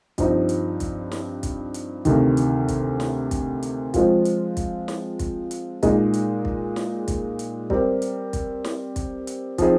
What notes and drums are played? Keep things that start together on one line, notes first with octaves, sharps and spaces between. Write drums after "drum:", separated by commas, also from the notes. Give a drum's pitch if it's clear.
G2 F3 C4 D#4, drum: kick, hi-hat
drum: hi-hat
drum: kick, hi-hat
drum: snare
drum: kick, hi-hat
drum: hi-hat
D2 C3 D#3, drum: kick, hi-hat
drum: hi-hat
drum: kick, hi-hat
drum: snare
drum: kick, hi-hat
drum: hi-hat
F3 G#3 C4 F4, drum: kick, hi-hat
drum: hi-hat
drum: kick, hi-hat
drum: snare
drum: kick, hi-hat
drum: hi-hat
A#2 G#3 D#4 G#4, drum: kick, hi-hat
drum: hi-hat
drum: kick
drum: snare
drum: kick, hi-hat
drum: hi-hat
G3 C4 G4 A#4, drum: kick
drum: hi-hat
drum: kick, hi-hat
drum: snare
drum: kick, hi-hat
drum: hi-hat
F3 C4 D#4 G#4, drum: kick, hi-hat